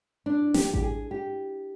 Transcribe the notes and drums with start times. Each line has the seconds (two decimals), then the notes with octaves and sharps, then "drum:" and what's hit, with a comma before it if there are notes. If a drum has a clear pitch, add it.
0.26 D4
0.54 G4, drum: snare
0.74 G4, drum: kick A1
0.82 G#4
1.11 G4